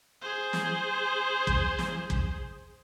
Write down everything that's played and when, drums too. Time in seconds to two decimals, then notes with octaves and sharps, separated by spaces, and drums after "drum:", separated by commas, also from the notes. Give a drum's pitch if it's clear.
0.22 G#4 C5
0.53 drum: snare
1.47 drum: kick
1.79 drum: snare
2.10 drum: kick